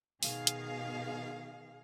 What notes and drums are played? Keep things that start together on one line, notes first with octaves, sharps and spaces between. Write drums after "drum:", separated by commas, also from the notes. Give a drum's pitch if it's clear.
B2 D#3 G#4 F5, drum: open hi-hat
drum: hi-hat